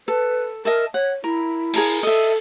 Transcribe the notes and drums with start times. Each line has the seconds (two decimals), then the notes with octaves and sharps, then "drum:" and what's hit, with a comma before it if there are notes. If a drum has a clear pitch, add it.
0.08 A4 B4
0.65 A#4 D#5 E5 A5
0.94 C#5 F#5
1.24 E4 A#4
1.74 G#4 A#4 A5, drum: cymbal
2.03 A4 D#5 E5